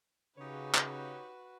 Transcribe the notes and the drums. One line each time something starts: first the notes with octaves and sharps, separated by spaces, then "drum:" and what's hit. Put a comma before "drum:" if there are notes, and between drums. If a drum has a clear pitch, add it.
C#3 D#4 F#4 G4 B4 C#5
drum: clap